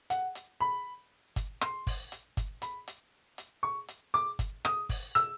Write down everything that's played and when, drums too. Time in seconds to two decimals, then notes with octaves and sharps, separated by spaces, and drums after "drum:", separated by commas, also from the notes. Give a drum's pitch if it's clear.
0.10 F#5, drum: hi-hat
0.35 drum: hi-hat
0.60 B5
1.36 drum: kick G1, hi-hat
1.61 C6, drum: rim click
1.87 drum: kick G1, open hi-hat
2.12 drum: hi-hat
2.37 drum: kick G1, hi-hat
2.62 B5, drum: hi-hat
2.88 drum: hi-hat
3.38 drum: hi-hat
3.63 C#6
3.88 drum: hi-hat
4.14 D6
4.39 drum: kick G1, hi-hat
4.65 D#6, drum: rim click
4.89 drum: kick G1, open hi-hat
5.15 E6, drum: hi-hat